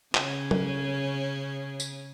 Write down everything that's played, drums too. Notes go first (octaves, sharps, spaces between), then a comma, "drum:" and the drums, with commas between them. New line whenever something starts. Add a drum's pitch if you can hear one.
C#3 C#4, drum: clap
drum: tom F#3
drum: tambourine